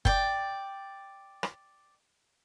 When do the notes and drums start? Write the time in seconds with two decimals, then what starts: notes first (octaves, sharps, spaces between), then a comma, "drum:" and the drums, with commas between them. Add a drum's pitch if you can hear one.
0.05 D5 G5, drum: kick
1.43 drum: rim click